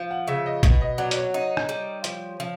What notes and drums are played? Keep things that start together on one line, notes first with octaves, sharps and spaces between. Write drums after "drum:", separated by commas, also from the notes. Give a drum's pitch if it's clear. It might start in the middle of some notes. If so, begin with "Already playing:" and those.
Already playing: F3
F#5
C#3 E5
D#5
B2 D#5, drum: kick, hi-hat
D#5
F#3 D5
D5, drum: hi-hat
C#5
D#4
drum: rim click
G3
F3, drum: hi-hat
F3